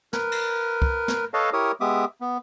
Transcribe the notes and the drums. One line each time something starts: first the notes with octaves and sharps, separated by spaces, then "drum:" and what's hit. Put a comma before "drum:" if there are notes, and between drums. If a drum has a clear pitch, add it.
A#4 B4, drum: snare
drum: cymbal
drum: kick
drum: snare
A4 B4 C#5 D#5 F5 A5
E4 G4 A#4 C#5 D#6
G#3 B3 G4 E5 D6 D#6
B3